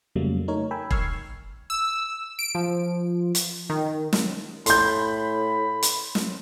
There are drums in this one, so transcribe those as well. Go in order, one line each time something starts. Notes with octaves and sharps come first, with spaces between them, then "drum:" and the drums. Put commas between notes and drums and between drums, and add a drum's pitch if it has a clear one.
F2 C#3 F#3 G3 A3 A#3
A3 D#4 A#4 C#5
A#4 G5 G#5 B5 E6
C#6 E6 F6 G#6 C7, drum: kick E1
E6
D7
F3
drum: hi-hat
D#3
drum: snare
A2 B5 C6 G6, drum: hi-hat
drum: hi-hat
drum: snare